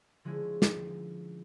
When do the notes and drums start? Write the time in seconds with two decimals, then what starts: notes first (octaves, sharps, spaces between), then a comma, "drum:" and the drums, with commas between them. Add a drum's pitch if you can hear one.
0.25 D3 F3 G#3 A3 C#4 E4
0.62 drum: snare